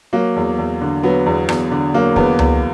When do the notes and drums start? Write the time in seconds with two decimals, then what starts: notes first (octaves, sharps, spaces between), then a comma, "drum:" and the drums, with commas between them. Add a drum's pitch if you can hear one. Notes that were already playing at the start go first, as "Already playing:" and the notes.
0.13 F#3 A#3
0.36 E2
0.58 E2
0.81 D3
1.03 F#3 B3
1.26 E2
1.49 E2, drum: rim click
1.72 D3
1.94 F#3 A#3
2.16 E2 B3, drum: kick
2.39 E2, drum: tom C#2